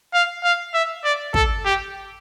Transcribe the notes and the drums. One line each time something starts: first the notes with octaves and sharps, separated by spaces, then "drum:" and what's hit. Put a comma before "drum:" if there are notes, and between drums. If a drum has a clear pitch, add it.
F5
F5
E5
D5
A4, drum: kick
G4